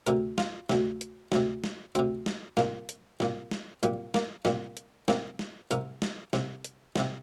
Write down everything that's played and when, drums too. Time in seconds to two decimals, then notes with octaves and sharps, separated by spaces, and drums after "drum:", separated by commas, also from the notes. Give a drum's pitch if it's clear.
0.07 D2 C3 A#4, drum: hi-hat
0.38 F4, drum: snare
0.70 D2 C3, drum: snare
1.01 drum: hi-hat
1.32 D2 C3, drum: snare
1.64 drum: snare
1.95 D2 C3 C4, drum: hi-hat
2.26 drum: snare
2.57 C2 A#2 A#3, drum: snare
2.89 drum: hi-hat
3.20 C2 A#2, drum: snare
3.51 drum: snare
3.83 C2 A#2 G3, drum: hi-hat
4.14 A#3, drum: snare
4.45 C2 A#2 G3, drum: snare
4.77 drum: hi-hat
5.08 C2 C3 A#3, drum: snare
5.39 drum: snare
5.71 C2 C3 A#4, drum: hi-hat
6.02 drum: snare
6.33 C2 C3, drum: snare
6.64 drum: hi-hat
6.96 C2 C3, drum: snare